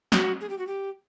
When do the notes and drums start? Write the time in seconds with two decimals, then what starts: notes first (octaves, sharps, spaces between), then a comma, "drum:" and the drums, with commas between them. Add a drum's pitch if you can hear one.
0.12 F#4, drum: snare
0.41 G#4
0.49 G4
0.58 F#4
0.67 G4